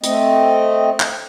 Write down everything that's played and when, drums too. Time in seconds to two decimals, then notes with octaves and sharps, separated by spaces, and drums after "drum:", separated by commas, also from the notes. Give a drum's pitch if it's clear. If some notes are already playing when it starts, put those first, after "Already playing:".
0.03 A3 C4 D#5, drum: hi-hat
1.00 drum: clap